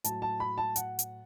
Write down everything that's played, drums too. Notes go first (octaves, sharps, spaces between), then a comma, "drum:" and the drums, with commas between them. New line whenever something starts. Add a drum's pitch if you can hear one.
A2 F#3 A5, drum: hi-hat
A5
B5
A5
F#5, drum: hi-hat
drum: hi-hat